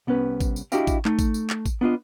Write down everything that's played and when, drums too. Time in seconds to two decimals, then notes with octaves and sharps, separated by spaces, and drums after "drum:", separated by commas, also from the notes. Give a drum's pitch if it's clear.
0.07 C2 B3 C#4 B4
0.41 drum: kick, tambourine
0.56 drum: tambourine
0.72 D4 E4 F#4 G4 D#5 F5, drum: tambourine
0.87 drum: kick, tambourine
1.05 A3 D#4, drum: clap
1.19 drum: kick, tambourine
1.34 drum: tambourine
1.50 drum: clap
1.66 drum: kick, tambourine
1.81 B3 D4 F4 D#5